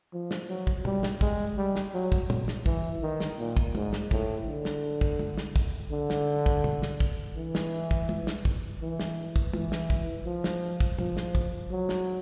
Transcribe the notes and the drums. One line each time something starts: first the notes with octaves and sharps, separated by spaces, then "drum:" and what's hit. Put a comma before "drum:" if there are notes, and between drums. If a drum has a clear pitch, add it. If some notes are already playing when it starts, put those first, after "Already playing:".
F3
drum: snare
F#3
drum: kick
G3, drum: tom
drum: snare
G#3, drum: kick
G3
drum: snare
F#3
drum: kick
drum: tom
drum: snare
E3, drum: kick
D#3
drum: snare
A#2
drum: kick
G#2, drum: tom
drum: snare
A2, drum: kick
D3
drum: snare
drum: kick
drum: tom
drum: snare
drum: kick
D3
drum: snare
drum: kick
drum: tom
drum: snare
drum: kick
E3
drum: snare
drum: kick
drum: tom
drum: snare
drum: kick
E3
drum: snare
drum: kick
E3, drum: tom
drum: snare
drum: kick
F3
drum: snare
drum: kick
F3, drum: tom
drum: snare
drum: kick
F#3
drum: snare